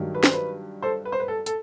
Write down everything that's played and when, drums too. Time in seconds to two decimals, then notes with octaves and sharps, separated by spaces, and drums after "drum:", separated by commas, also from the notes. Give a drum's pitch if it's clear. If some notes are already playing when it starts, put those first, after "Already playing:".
Already playing: G2 D#3 F#3
0.15 B4
0.23 C5, drum: snare
0.33 B4
0.82 A4 C5
1.05 B4
1.12 C5
1.20 B4
1.28 A4
1.46 A4, drum: hi-hat